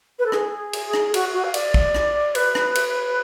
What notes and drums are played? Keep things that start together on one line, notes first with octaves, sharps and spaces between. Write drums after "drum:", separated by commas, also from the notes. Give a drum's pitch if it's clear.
B4
A4
G#4, drum: rim click
drum: cymbal
drum: rim click
F#4, drum: cymbal
F#4
F5
D5, drum: cymbal
drum: kick
drum: rim click
B4, drum: cymbal
drum: rim click
drum: cymbal